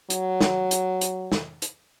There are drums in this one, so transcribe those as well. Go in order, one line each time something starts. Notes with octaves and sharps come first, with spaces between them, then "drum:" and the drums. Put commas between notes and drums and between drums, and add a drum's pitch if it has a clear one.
F#3, drum: hi-hat
drum: snare
drum: hi-hat
drum: hi-hat
drum: snare
drum: hi-hat